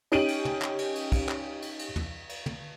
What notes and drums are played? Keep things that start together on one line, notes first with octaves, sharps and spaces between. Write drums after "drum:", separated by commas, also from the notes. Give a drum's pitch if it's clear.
C#4 D#4 G4 D7 D#7 F#7, drum: cymbal
drum: cymbal
drum: tom
drum: clap
drum: cymbal
drum: cymbal
drum: kick, cymbal
drum: clap
drum: cymbal
drum: cymbal
drum: tom
drum: cymbal
drum: tom